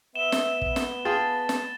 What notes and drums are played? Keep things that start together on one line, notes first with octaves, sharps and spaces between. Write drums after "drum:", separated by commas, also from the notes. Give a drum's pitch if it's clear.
B3 E5 E7 G7
drum: snare
drum: kick
drum: snare
F4 G#4 G5 A5 A6
drum: snare